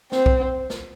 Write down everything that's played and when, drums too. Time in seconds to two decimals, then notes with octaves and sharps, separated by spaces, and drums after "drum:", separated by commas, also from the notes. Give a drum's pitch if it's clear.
0.12 C4, drum: snare
0.26 drum: kick B1
0.70 drum: snare